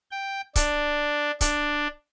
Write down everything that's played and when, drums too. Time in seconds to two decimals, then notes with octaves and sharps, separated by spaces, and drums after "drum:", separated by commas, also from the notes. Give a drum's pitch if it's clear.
0.11 G5
0.56 D4, drum: kick C#1, hi-hat
1.41 D4, drum: kick C#1, hi-hat